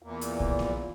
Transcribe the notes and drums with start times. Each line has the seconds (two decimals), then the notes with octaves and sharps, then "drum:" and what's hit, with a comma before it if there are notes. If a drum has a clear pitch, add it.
0.02 E2 A#2
0.21 drum: hi-hat
0.40 drum: kick
0.59 drum: snare A#3